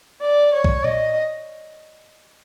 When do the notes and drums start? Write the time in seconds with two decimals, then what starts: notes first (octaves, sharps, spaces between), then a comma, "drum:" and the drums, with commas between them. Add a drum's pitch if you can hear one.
0.22 D5
0.53 C#5
0.64 drum: kick B1
0.84 D#5, drum: tom A#2